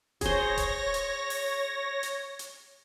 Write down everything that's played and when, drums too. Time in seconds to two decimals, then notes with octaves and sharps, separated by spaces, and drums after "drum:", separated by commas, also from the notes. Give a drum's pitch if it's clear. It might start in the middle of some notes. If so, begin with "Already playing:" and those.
0.21 G#4 C5 C#5 A#6, drum: kick D#1, hi-hat
0.57 drum: kick D#1, hi-hat
0.94 drum: hi-hat
1.30 drum: open hi-hat
2.03 drum: hi-hat
2.39 drum: hi-hat